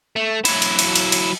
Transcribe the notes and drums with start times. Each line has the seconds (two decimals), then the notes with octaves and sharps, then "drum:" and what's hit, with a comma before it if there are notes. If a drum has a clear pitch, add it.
0.16 A3
0.45 F#3 E4, drum: cymbal
0.62 drum: cymbal
0.79 drum: cymbal
0.96 drum: cymbal
1.12 drum: cymbal